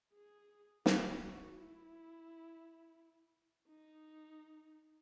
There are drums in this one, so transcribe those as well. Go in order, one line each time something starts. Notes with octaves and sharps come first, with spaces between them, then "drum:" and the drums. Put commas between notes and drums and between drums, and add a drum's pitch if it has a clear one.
G#4
G4, drum: snare
F#4
E4
D#4